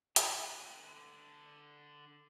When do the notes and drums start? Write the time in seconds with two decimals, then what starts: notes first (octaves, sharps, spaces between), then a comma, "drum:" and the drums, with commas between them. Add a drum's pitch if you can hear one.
0.16 D3 B4, drum: hi-hat